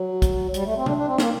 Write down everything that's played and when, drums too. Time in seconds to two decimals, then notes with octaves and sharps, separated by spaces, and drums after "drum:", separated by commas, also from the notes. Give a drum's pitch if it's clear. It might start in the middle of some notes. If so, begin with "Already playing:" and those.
Already playing: F#3
0.22 drum: kick, hi-hat
0.54 G3, drum: hi-hat
0.65 A3
0.76 C4
0.86 D4, drum: tom
0.97 D4
1.07 C4
1.18 A#3, drum: snare